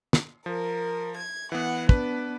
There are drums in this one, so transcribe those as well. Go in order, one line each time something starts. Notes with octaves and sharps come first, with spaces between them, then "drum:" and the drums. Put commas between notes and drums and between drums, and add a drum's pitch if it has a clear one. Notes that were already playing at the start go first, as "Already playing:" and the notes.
drum: snare
F3 A#4
G#6
E3 B3 F#5
B3 D4 B4, drum: kick